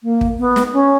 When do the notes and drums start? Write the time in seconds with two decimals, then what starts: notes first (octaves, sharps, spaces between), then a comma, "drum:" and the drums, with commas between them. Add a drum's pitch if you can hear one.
0.03 A#3
0.21 drum: kick
0.39 B3
0.56 drum: snare
0.73 C#4